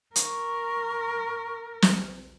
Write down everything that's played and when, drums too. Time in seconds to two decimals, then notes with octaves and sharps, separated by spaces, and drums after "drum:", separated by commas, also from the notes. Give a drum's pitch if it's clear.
0.16 A#4 C#6, drum: hi-hat
1.82 drum: snare